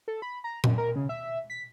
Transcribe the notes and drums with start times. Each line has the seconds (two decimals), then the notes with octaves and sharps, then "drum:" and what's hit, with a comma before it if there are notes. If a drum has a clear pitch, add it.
0.08 A4
0.22 B5
0.44 A#5
0.64 F#2, drum: tom A#2
0.78 A#4
0.96 C#3
1.09 E5
1.50 B6